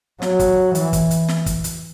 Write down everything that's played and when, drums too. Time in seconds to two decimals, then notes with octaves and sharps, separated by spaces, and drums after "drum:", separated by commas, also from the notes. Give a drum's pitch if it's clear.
0.22 F#3, drum: snare
0.39 drum: kick, hi-hat
0.75 E3, drum: hi-hat
0.93 drum: kick, hi-hat
1.11 drum: hi-hat
1.28 drum: snare
1.46 drum: kick, hi-hat
1.64 drum: hi-hat